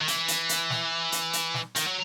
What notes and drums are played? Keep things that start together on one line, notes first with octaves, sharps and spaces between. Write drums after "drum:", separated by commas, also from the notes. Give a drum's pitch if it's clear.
D#3
E3, drum: hi-hat
drum: hi-hat
drum: hi-hat
drum: snare
drum: hi-hat
drum: hi-hat
drum: snare
D#3, drum: hi-hat
F#3